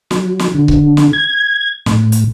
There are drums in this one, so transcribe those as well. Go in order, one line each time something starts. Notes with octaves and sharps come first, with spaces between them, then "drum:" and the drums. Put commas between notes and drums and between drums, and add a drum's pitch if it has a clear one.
F#3, drum: snare
drum: snare
D3
drum: kick C#1
drum: snare
G#6
A2, drum: snare
drum: hi-hat